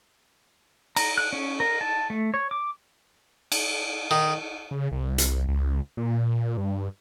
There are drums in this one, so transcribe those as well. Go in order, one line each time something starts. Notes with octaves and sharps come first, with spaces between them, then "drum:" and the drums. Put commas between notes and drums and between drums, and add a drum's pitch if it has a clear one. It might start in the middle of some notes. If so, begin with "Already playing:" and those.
A#5, drum: cymbal
F#6
C#4
A#4
A5
A3
C#5
D6
drum: cymbal
D#3
C#3
C2
drum: hi-hat
C#2
A#2
G2